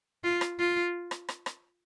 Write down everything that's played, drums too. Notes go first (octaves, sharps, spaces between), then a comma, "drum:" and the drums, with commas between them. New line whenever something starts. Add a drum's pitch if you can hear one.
F4
drum: rim click
F4
drum: rim click
drum: rim click
drum: rim click